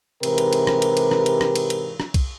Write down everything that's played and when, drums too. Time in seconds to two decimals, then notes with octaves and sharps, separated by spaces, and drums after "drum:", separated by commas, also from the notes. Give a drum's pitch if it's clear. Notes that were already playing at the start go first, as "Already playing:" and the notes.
0.23 G#2 C3 E3 G4 A#4 B4, drum: cymbal
0.38 drum: cymbal
0.53 drum: cymbal
0.67 drum: rim click
0.82 drum: cymbal
0.97 drum: cymbal
1.11 drum: rim click
1.26 drum: cymbal
1.41 drum: rim click
1.56 drum: cymbal
1.70 drum: cymbal
2.00 drum: rim click
2.14 drum: kick, cymbal